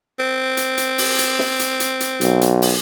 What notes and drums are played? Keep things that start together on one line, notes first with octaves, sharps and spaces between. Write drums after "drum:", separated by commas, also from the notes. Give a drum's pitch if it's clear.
C4
drum: hi-hat
drum: hi-hat
drum: open hi-hat
drum: hi-hat
drum: snare
drum: hi-hat
drum: hi-hat
drum: hi-hat
B1, drum: hi-hat
drum: hi-hat
drum: open hi-hat